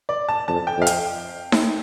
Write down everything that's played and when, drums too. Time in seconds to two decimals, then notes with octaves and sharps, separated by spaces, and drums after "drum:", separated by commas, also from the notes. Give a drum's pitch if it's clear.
0.09 D5
0.29 A5
0.48 F2 A5
0.67 G5
0.77 F2
0.82 F5
0.87 G5, drum: hi-hat
1.52 drum: snare D#4